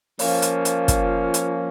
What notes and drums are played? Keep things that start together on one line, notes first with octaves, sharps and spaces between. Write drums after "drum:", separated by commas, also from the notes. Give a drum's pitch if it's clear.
F3 A#3 C#4 F4, drum: open hi-hat
drum: hi-hat
drum: hi-hat
drum: kick, hi-hat
drum: hi-hat